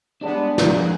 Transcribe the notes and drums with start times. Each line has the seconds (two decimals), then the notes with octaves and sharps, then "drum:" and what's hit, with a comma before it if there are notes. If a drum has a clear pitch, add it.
0.21 G3 G#3 B3 D4 D5 A5
0.58 F3 F#3, drum: snare
0.76 A#3 G#4 F#5